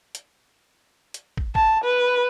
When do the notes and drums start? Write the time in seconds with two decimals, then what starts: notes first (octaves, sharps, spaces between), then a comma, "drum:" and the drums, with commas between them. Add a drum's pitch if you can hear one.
0.15 drum: hi-hat
1.14 drum: hi-hat
1.37 drum: kick
1.55 A5, drum: kick
1.84 B4